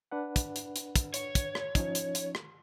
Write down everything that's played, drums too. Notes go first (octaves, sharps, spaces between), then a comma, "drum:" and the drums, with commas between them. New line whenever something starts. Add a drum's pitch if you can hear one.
D4 B4 F#5
drum: kick, hi-hat
drum: hi-hat
drum: hi-hat
drum: kick, hi-hat
C#5, drum: hi-hat
drum: kick, hi-hat
drum: rim click
F3 C#4 D#4, drum: kick, hi-hat
drum: hi-hat
drum: hi-hat
drum: rim click